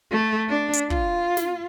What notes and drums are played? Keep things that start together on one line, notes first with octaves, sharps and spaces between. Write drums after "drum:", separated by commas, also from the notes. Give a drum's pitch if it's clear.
A3
D4
drum: hi-hat
F4, drum: kick
drum: snare